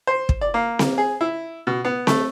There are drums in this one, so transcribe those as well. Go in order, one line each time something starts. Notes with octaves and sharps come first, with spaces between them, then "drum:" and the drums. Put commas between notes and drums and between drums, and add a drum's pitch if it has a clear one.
C5
drum: kick
D5
A#3
drum: snare C4
G#4
E4
B2
B3
A3, drum: snare C4